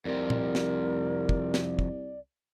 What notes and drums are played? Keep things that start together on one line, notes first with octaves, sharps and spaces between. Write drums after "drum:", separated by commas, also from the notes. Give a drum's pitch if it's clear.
C2 F2 C3 A#4 D5
drum: tom A#2
drum: snare
drum: kick
drum: snare
drum: kick